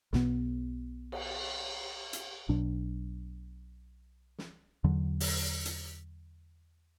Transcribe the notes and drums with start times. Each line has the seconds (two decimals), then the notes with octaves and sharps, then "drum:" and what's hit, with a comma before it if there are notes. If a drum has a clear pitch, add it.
0.13 B1 B2 B3, drum: snare
1.12 drum: cymbal
2.13 drum: hi-hat
2.49 B1 B2 F#3 D4
4.38 drum: snare
4.84 E2 D3 F#3
5.20 drum: open hi-hat
5.65 drum: hi-hat